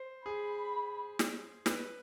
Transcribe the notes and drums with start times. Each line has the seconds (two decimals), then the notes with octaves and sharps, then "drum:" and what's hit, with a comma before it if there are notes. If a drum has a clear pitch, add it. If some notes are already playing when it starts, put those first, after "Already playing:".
Already playing: C5
0.26 G#4 B5
1.19 drum: snare
1.66 B4, drum: snare